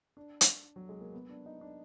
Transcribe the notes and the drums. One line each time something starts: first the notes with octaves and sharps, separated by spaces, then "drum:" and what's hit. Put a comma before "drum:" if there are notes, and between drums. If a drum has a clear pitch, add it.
D4
drum: hi-hat
F#3
G#3
A#3
B3
D4
D#4
D4